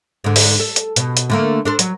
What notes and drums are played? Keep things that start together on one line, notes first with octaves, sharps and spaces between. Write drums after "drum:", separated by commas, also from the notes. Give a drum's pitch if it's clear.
G#2 D3
drum: open hi-hat
A4
drum: hi-hat
B2, drum: hi-hat
drum: hi-hat
D3 A3 A#3
D4 A4 C5
F#3, drum: hi-hat